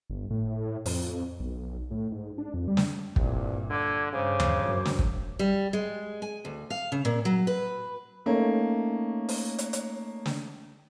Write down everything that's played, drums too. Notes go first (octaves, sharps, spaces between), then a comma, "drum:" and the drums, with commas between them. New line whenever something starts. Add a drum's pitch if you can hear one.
G1
A2
F2, drum: open hi-hat
B1
A2
G#2
D4
F2
G3
drum: snare
C2 G2 A#2, drum: kick
D3 D6 E6 G#6
G2 C#3 C5 D6
drum: tom D#2
F#2
drum: snare
drum: kick
G3
G#3
G#5
D2
F5
C#3
A#2
F#3
B4
A3 A#3 C#4 D#4
drum: open hi-hat
drum: hi-hat
drum: hi-hat
drum: snare